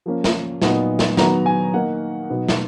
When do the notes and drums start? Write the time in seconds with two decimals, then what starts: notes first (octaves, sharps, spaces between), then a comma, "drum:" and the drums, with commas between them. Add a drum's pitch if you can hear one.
0.06 F3 A#3 C#4
0.24 drum: snare
0.62 A#2 F#3 B3 D#4, drum: snare
0.99 drum: snare
1.17 D#3 F#3 B3 A#5, drum: snare
1.46 G#5
1.74 D#3 A#3 D#4 F#5
2.30 B2 F#3 B3 D#4
2.49 drum: snare